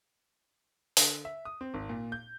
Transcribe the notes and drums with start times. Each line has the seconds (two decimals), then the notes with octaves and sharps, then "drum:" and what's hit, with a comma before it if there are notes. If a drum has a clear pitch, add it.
0.97 D3, drum: open hi-hat
1.25 E5
1.45 D#6
1.61 C4
1.74 G#1
1.89 A#2
2.12 G6